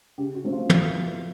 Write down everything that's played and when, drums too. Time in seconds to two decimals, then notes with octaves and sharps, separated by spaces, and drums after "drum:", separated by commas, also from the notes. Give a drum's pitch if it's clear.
0.18 C#3 G4
0.35 F#4
0.44 F3 A3 C4
0.52 F4
0.69 E3 E4, drum: tom